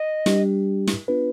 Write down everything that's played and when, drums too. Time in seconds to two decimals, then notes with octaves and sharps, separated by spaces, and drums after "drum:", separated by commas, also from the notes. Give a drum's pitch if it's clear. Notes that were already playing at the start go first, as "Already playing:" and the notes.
Already playing: D#5
0.26 G3 D4 G4, drum: snare
0.87 drum: snare
1.08 B3 D4 F4 B4